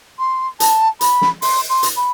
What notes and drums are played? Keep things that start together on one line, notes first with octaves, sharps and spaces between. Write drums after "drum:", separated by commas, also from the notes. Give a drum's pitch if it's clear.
C6
A5, drum: hi-hat
B5, drum: hi-hat
drum: snare
C6, drum: open hi-hat
C6
drum: hi-hat
B5